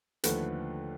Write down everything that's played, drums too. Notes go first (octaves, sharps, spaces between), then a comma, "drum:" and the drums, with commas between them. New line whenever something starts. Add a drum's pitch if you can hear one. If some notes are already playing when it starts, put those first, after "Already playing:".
D#2 D3 F3 A3 B4, drum: hi-hat